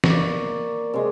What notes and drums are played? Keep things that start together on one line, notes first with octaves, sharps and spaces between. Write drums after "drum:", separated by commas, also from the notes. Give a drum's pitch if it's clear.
A#3 C#5 D5, drum: snare
C3 G#3